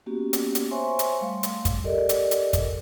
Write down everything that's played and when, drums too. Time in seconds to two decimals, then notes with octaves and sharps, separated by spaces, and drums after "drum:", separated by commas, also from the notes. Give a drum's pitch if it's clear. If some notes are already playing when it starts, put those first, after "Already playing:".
0.06 A#3 B3 C#4 F#4 G4
0.33 drum: hi-hat
0.55 drum: hi-hat
0.71 C5 C#5 E5 G#5 C6 C#6
0.99 drum: hi-hat
1.21 G3 A3 F5 C6
1.43 drum: hi-hat
1.65 drum: kick, hi-hat
1.84 G4 A4 A#4 D5 D#5
2.09 drum: hi-hat
2.31 drum: hi-hat
2.53 drum: kick, hi-hat